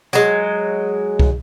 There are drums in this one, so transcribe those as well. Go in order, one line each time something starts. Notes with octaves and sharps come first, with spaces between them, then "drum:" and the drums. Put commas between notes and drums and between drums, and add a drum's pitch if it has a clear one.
F#3 G#3, drum: tambourine
drum: kick